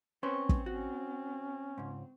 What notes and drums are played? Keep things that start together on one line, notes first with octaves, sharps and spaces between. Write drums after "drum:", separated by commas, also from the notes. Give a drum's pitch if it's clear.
C4 C#4 B4 C5 C#6
drum: kick
C#4 F#4
C#2 G#2